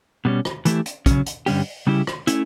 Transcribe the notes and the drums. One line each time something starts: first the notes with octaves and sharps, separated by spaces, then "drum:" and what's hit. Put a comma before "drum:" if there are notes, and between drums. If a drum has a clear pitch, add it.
B2 G3 C#4
drum: rim click
E3 A3 E4 G4, drum: hi-hat
drum: hi-hat
C#3 F#3 C#4, drum: kick, hi-hat
drum: hi-hat
G2 D3 G3 C#4 G4, drum: open hi-hat
C#3 G3 C#4 E4 G4
drum: rim click
A3 C#4 E4, drum: hi-hat